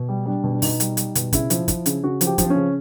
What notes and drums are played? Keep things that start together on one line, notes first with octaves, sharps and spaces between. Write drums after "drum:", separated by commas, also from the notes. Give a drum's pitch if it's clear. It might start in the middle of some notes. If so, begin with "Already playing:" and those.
Already playing: B2
G3
G3 D4
B2
D4
B2 D#4, drum: open hi-hat
G3, drum: hi-hat
G3, drum: hi-hat
B2, drum: hi-hat
C#3 E4, drum: kick, hi-hat
F3, drum: hi-hat
F3, drum: kick, hi-hat
C#3, drum: hi-hat
C#3 F#4
F3, drum: hi-hat
G4
F3, drum: kick, hi-hat
C4
C#4
C#3